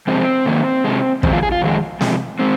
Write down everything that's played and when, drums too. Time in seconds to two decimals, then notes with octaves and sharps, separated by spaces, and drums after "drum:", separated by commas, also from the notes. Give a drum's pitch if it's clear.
0.07 F2 C3 G#3 C4
0.46 G#2 D#3 A#3
0.85 C3 G#3
1.23 F2 D#3 G#3 C4, drum: kick
1.33 F4
1.43 G#4
1.52 F4
1.62 F2 D#3 G#3
2.01 F2 C3 G#3, drum: snare
2.39 G#3 C4